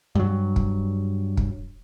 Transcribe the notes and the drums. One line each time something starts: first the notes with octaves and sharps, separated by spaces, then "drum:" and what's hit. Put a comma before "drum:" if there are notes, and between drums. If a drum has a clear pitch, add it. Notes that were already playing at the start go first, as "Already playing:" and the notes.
G2 F#3
drum: kick
drum: kick